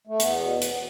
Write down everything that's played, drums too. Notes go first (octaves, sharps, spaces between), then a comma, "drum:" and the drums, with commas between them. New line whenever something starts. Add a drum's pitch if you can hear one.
A3
E2 B3, drum: hi-hat
B2
drum: hi-hat